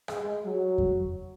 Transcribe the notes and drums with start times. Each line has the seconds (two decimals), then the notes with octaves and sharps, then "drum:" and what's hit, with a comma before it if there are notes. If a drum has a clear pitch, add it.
0.08 G#3, drum: rim click
0.43 F#3
0.78 drum: kick F2